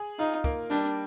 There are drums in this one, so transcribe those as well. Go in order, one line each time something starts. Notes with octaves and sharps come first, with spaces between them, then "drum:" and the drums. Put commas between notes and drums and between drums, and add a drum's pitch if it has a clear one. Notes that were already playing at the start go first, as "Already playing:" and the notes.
Already playing: G#4
D#4 F4
A#3, drum: kick
G3 D4